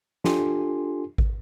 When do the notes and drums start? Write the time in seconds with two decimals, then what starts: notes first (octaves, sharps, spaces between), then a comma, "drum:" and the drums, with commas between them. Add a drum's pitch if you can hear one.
0.24 D4 F4 G4 A4 G#5 C6, drum: snare
1.18 drum: kick G#1